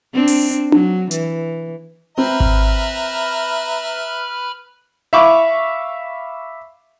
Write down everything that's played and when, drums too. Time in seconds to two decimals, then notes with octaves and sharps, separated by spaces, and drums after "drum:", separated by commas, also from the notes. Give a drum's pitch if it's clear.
0.14 C4 D4
0.28 drum: open hi-hat
0.72 F#3, drum: tom D4
1.11 E3, drum: hi-hat
2.18 C4 B4 E5 A#5 B5 F6
2.40 drum: kick G#1
5.13 E5 F5 B5 C#6 D6